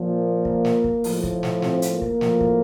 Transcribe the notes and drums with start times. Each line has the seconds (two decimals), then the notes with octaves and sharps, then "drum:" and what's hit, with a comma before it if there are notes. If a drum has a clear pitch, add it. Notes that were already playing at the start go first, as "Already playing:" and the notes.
Already playing: A#2 F3
0.15 A#3
0.45 drum: kick
0.65 drum: snare
0.84 drum: kick
1.04 A2 F3, drum: open hi-hat
1.23 drum: kick
1.43 drum: snare
1.62 C4, drum: snare
1.82 drum: hi-hat
1.92 A#3
2.02 drum: kick
2.21 A2 F3, drum: snare
2.41 drum: kick